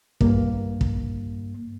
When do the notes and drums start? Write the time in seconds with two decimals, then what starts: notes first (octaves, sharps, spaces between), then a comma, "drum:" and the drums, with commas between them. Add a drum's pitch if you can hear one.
0.21 G2 A#3, drum: kick
0.81 drum: kick